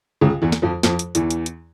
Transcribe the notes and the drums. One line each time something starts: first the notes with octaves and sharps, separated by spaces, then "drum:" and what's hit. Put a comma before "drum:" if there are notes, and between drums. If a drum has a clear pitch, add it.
C#2 C#3
E2 E3
drum: snare
F2 F3
F2 F3, drum: snare
drum: hi-hat
E2 E3, drum: hi-hat
drum: hi-hat
drum: hi-hat